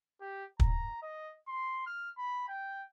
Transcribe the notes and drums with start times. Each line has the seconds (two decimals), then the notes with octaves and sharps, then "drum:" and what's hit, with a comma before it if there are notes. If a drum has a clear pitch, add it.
0.21 G4
0.60 A#5, drum: kick
1.02 D#5
1.47 C6
1.86 F6
2.18 B5
2.49 G5